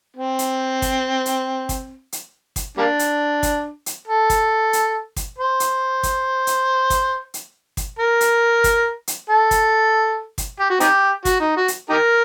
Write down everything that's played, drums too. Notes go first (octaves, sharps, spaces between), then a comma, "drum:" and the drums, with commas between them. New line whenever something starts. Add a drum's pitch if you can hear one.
C4
drum: hi-hat
drum: kick, hi-hat
drum: hi-hat
drum: kick, hi-hat
drum: hi-hat
drum: kick, hi-hat
G3 A#3 D4
drum: hi-hat
drum: kick, hi-hat
drum: hi-hat
A4
drum: kick, hi-hat
drum: hi-hat
drum: kick, hi-hat
C5
drum: hi-hat
drum: kick, hi-hat
drum: hi-hat
drum: kick, hi-hat
drum: hi-hat
drum: kick, hi-hat
A#4
drum: hi-hat
drum: kick, hi-hat
drum: hi-hat
A4
drum: kick, hi-hat
drum: kick, hi-hat
G4
F#4
C4 D#4 G4, drum: hi-hat
F#4, drum: kick, hi-hat
D#4
F#4
drum: hi-hat
D#4 G4 A#4